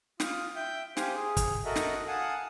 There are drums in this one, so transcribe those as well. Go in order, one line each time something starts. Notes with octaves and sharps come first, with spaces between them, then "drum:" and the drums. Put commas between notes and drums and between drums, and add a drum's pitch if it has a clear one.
F4 D#6, drum: snare
E5 G5 G6
G4 C5 F5 G#5, drum: snare
G#4
drum: kick, hi-hat
F#4 A4 A#4 D#5 E5 F#5
drum: snare
F5 F#5 G#5 A5 D#6